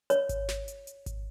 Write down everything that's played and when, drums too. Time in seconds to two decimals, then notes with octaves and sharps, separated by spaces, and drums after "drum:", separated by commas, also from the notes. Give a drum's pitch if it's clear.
0.10 C#5, drum: hi-hat
0.29 drum: kick G#1, hi-hat
0.49 drum: snare
0.68 drum: hi-hat
0.87 drum: hi-hat
1.06 drum: kick G#1, hi-hat